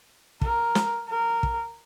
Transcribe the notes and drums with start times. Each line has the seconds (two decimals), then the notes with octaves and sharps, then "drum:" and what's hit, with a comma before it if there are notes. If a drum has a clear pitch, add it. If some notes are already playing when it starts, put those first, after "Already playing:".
0.41 A#4, drum: kick
0.75 drum: snare
1.09 A#4
1.43 drum: kick